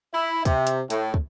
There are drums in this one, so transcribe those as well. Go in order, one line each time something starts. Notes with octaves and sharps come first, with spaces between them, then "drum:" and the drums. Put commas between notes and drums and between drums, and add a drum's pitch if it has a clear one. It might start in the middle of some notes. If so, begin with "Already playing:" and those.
E4
C3, drum: kick, hi-hat
drum: hi-hat
A2, drum: hi-hat
drum: kick